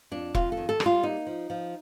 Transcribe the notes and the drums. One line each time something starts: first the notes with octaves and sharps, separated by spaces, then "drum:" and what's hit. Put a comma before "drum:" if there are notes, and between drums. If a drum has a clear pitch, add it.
F2 D4
F2 F4, drum: kick E1
A4
D#3
A4
G3, drum: rim click
F4
A#3 D#4
F3
F3